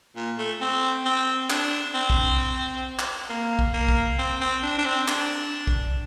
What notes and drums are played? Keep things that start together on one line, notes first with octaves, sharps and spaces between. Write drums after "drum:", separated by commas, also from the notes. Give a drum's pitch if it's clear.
A#2
A3
C4
C4
D4, drum: clap
C4
drum: kick B1
drum: clap
A#3
drum: kick B1
A#3
drum: kick B1
C4
C4
D4
D4
C4
D4, drum: clap
drum: kick B1